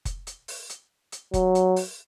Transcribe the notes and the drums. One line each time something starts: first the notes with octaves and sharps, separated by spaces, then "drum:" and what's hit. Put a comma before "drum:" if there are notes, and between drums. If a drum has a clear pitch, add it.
drum: kick F1, hi-hat
drum: hi-hat
drum: open hi-hat
drum: hi-hat
drum: hi-hat
F#3, drum: kick F1, hi-hat
drum: hi-hat
drum: open hi-hat